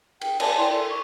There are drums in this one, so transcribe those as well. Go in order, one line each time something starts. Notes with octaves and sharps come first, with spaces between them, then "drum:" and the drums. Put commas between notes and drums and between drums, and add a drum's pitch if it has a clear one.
G#4 G5, drum: cymbal
D5 G#5 A5, drum: cymbal
E4 D5 G5 C6
A4 A#4
C#6 D6